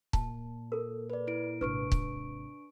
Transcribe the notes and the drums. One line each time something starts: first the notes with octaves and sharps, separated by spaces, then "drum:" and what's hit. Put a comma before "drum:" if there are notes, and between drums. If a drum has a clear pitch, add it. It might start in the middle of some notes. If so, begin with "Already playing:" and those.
A#2 A5, drum: kick
A4 A#4
B4 D5
E4 D7
G#1 C3 D4 B4 C#6 D7
drum: kick